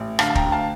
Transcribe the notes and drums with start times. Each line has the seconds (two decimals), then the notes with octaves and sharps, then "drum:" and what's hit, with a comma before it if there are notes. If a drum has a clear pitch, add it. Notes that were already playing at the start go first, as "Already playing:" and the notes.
Already playing: A1
0.19 D3 F5 A5, drum: rim click
0.30 A5
0.35 G5 A#5, drum: kick
0.44 D2
0.52 F5 A5